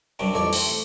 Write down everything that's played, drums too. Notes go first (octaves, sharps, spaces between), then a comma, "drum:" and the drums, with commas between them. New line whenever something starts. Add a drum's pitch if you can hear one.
F#2 C3 G3 C#4 D4
A1 F2 A4 C#5 D5 C#6
A3 C4, drum: cymbal